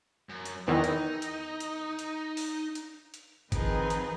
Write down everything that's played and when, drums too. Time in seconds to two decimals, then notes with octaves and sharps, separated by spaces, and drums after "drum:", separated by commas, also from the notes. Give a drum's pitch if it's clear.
0.29 F#2
0.45 drum: hi-hat
0.67 E2 D#3 E3 D#4
0.84 drum: hi-hat
1.22 drum: hi-hat
1.60 drum: hi-hat
1.99 drum: hi-hat
2.37 drum: open hi-hat
2.75 drum: hi-hat
3.14 drum: hi-hat
3.52 D#3 F3 C4 D#4 G#4 B4, drum: kick G1, hi-hat
3.90 drum: hi-hat